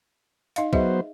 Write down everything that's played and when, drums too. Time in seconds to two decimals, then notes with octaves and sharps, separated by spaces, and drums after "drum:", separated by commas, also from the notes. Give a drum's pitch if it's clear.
0.56 D#4 D#5 F5, drum: hi-hat
0.73 F#3 B3 G#4 C5 D#5 E5, drum: kick